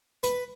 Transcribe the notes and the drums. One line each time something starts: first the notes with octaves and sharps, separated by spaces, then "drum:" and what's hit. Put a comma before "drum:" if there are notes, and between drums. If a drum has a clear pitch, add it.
B4, drum: hi-hat